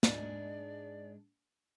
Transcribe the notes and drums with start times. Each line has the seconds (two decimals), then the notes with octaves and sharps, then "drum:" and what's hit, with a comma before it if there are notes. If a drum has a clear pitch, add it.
0.03 G#2 G#3 D4 D5, drum: snare